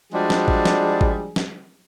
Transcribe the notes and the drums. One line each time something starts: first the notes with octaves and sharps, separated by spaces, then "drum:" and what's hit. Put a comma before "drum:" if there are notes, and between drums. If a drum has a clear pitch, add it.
F3 G3 G#3 D4 F#4 G#4
drum: snare
drum: kick G#1
drum: snare
drum: kick G#1
drum: snare